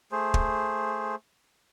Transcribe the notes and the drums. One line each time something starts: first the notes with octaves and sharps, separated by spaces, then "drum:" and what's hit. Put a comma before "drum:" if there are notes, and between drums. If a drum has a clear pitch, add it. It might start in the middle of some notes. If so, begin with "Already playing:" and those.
A3 G#4 C5
drum: kick